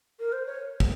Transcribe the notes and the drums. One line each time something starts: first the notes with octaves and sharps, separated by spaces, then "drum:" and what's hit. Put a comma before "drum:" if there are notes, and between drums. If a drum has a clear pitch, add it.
A#4
C5
C#5
drum: kick